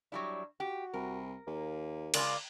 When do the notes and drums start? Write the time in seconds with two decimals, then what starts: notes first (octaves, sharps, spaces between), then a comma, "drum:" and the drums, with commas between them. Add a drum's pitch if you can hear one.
0.12 F#3 G3 D4 E4
0.60 F#4 G4
0.93 C2 A#4
1.47 D#2 A#3
2.14 C#3 G#3 F4 A#4 D5, drum: cymbal